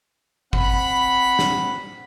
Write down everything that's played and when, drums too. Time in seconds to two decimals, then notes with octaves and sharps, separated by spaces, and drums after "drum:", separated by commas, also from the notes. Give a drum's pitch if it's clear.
0.53 C4 F#5 B5, drum: kick
1.39 drum: snare